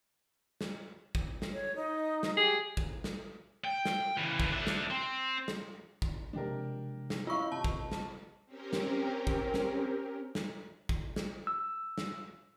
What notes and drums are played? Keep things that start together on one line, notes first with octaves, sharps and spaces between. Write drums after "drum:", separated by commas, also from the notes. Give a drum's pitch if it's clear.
drum: snare
drum: kick
drum: snare
C#5
D#4
drum: snare
G4 G#4
drum: kick
drum: snare
G5
drum: snare
C#3 E3
drum: kick
D4 E5
drum: snare
C4
drum: snare
drum: kick
C3 F3 G#3 D4 G4 A#4
drum: snare
C#4 E4 F4 D#5 F5 B5 C#6
C3 A5
drum: kick
drum: snare
C4 C#4 G4 A#4
drum: snare
drum: kick
drum: snare
drum: snare
drum: kick
drum: snare
E6
drum: snare